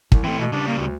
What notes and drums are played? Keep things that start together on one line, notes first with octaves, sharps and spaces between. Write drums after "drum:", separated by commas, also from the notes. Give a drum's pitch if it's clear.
C2, drum: kick
E3 A3 C4
B2
C#3 G3 D4
A#3
D2